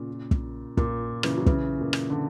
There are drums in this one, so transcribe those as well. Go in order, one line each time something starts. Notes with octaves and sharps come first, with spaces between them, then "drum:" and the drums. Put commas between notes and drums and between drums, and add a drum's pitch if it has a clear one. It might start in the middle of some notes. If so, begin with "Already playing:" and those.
Already playing: A#2 C#3
drum: kick
A#2, drum: kick
C#3 E3, drum: rim click
F#3
C#3 E3, drum: kick
A#2
drum: rim click
D3